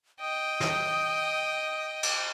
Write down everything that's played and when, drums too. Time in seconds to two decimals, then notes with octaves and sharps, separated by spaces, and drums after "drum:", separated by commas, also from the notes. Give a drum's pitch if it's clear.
0.21 D#5 G5 D#6
0.60 drum: snare
2.03 drum: cymbal